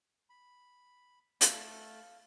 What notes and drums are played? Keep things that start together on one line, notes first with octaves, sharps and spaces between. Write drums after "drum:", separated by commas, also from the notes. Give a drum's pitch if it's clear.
B5
A3 A4 F5 A5, drum: hi-hat